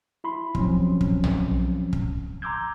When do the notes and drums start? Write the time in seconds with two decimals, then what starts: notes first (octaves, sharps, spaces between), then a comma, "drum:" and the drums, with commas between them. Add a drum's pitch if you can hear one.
0.24 E4 B5 C6
0.55 F3 F#3 C4 C#4, drum: kick
1.01 drum: kick
1.24 drum: tom
1.93 drum: kick
2.42 A#5 C6 D6 E6 G6 G#6